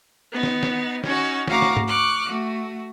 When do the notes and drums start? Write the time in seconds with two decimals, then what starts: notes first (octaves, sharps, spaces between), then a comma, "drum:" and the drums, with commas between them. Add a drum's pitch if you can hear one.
0.31 B3 D#4
0.43 drum: snare
0.63 drum: snare
1.04 C#4 D#4 F#4, drum: snare
1.48 D2 F#4 F5 A#5 C#6 D6, drum: snare
1.62 drum: snare
1.77 drum: tom
1.87 C#6 D6 F6 F#6
2.25 A3 F#4